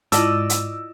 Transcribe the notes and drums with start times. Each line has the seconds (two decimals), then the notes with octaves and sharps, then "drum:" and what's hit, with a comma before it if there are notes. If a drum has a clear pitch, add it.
0.12 G#2 E4 F4 D5 D#5 A5 E6, drum: hi-hat
0.50 drum: hi-hat